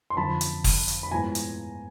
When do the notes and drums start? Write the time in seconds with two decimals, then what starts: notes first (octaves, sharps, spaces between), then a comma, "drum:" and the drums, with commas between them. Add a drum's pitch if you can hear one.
0.10 C6
0.17 F2 D3 F3 A5 B5
0.41 drum: hi-hat
0.64 drum: kick, open hi-hat
0.88 drum: hi-hat
1.03 B5
1.11 A2 F3 G#3 B3 G#5 A#5
1.35 drum: hi-hat